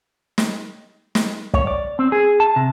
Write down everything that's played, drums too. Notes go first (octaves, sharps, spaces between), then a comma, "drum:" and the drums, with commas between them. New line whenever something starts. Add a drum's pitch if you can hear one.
drum: snare
drum: snare
C#5, drum: kick
D5
C4
G#4
A5
C3